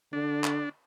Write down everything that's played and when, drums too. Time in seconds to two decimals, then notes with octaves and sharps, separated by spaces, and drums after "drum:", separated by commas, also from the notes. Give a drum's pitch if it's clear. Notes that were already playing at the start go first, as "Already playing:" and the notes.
0.13 D3 D4
0.44 drum: clap